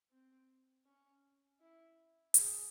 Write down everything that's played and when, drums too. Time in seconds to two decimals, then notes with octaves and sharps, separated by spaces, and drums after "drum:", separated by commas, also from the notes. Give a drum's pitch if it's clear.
0.11 C4
0.86 C#4
1.60 E4
2.34 G#4, drum: hi-hat